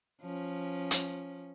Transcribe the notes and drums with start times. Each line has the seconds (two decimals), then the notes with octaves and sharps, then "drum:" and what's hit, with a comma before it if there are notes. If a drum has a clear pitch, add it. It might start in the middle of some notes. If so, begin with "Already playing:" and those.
0.22 F3 C#4
0.91 drum: hi-hat